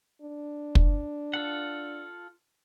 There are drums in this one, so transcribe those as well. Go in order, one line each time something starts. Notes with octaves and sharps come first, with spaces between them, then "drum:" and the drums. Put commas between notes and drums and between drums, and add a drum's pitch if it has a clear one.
D4
drum: kick
F4 A4 F#5